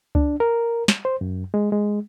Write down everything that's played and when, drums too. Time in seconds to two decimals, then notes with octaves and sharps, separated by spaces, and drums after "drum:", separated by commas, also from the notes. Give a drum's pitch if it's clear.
0.15 D4, drum: kick C#2
0.40 A#4
0.88 drum: snare
1.05 C5
1.21 F#2
1.54 G#3
1.72 G#3